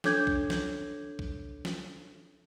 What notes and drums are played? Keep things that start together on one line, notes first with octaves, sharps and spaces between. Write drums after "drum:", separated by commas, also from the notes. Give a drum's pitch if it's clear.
D4 A4 C#5 D6 G6 G#6, drum: snare
drum: kick B1
drum: snare
drum: kick B1
drum: snare